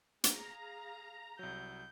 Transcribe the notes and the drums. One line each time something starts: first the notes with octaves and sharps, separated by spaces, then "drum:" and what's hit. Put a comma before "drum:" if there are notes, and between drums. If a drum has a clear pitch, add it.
G#4 F5 A#5, drum: hi-hat
C2 F#3 G6